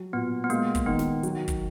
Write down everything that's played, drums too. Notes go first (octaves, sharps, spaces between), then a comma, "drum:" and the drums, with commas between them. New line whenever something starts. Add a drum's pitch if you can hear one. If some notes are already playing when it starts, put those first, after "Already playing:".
Already playing: F#3
A#2 B3
B3
G#3 A#3, drum: hi-hat
drum: kick, hi-hat
D#3 B3
drum: snare
F#3, drum: hi-hat
drum: kick, hi-hat